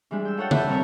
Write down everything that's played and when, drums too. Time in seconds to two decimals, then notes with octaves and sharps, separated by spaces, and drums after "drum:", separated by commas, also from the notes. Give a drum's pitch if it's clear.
0.11 E3 G3 G#3 D4
0.25 G5 E6
0.37 F4 A4 C#5 F#5 G5
0.51 D4 B4 E5 F#5 G5 A5, drum: tom C#3
0.67 G2 C3 A#4 C#5 F6